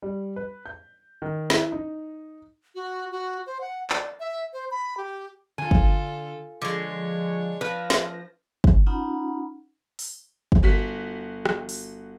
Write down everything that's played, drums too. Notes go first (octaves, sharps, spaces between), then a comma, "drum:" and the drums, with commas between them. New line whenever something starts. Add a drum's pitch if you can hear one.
G3
B4
G6
D#3
E4, drum: snare
D#4
F#4
F#4
C5
F#5
D5, drum: clap
E5
C5
B5
G4
D3 F4 A4 G#5
drum: kick
D3 F3 G#3 D4 C#5
F3 B4 A#6
drum: snare
drum: kick
C#4 D#4 F4 F#5 A#5 B5
drum: open hi-hat
drum: kick
G1 F#4 B6
drum: rim click
drum: open hi-hat